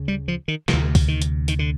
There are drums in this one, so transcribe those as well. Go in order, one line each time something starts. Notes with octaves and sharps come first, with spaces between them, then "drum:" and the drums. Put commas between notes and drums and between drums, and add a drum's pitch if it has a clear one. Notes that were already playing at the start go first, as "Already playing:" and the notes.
Already playing: D2 C#3
G3
F3
D#3
D2 C3 E3, drum: snare
drum: kick, open hi-hat
D#3
drum: hi-hat
D#3, drum: hi-hat
D3